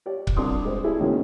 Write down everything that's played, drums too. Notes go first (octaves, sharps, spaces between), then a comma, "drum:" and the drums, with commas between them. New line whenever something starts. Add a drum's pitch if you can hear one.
G4 C#5 D5
drum: kick C#1
C2 D4 D5 C6 D6 D#6
G#3 C5
A3 E4 G#4 E5
D2 B2 D#3 A#3 C#4